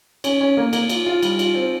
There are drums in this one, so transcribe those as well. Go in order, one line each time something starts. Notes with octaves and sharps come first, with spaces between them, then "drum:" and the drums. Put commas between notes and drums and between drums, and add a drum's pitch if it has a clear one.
C#4, drum: cymbal
C#4
A#3
A#3, drum: cymbal
F4, drum: cymbal
F4
G3, drum: cymbal
F4, drum: cymbal
C4